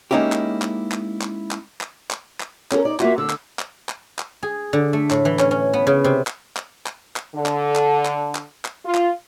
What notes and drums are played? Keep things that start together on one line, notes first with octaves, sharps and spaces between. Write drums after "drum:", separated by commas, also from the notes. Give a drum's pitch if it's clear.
G#3 A#3 C#4 D#4 E4 G4
drum: clap
drum: clap
drum: clap
drum: clap
drum: clap
drum: clap
drum: clap
drum: clap
C#4 F#4 A4 A#4, drum: clap
D#4 D5
A#3 F4 F#4 E5, drum: clap
D3 E6
drum: clap
drum: clap
drum: clap
drum: clap
G#4
D3
A3
A2, drum: clap
E3
C#4, drum: clap
C#4
B3
C#3
C3
drum: clap
drum: clap
drum: clap
drum: clap
D3
drum: clap
drum: clap
drum: clap
drum: clap
drum: clap
F4
drum: clap